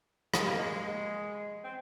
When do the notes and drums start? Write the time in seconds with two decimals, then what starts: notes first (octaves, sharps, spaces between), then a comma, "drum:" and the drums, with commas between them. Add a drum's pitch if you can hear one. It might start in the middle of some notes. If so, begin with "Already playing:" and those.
0.34 G#3, drum: rim click
0.46 A#3
0.58 G#3
1.64 C4